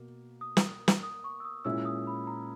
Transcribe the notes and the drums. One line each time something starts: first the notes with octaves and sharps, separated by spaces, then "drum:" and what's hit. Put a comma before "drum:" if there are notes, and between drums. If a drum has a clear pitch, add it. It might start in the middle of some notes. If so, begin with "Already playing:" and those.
Already playing: B2 A#3
D#6
drum: snare
drum: snare
D#6
C#6
E6
D#6
A#2 G#3 C#4 E4 E6
D#6
B5
A#5